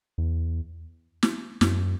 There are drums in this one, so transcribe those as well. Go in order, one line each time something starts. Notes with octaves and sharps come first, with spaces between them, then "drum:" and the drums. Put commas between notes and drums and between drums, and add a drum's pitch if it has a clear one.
E2
drum: snare
F#2, drum: snare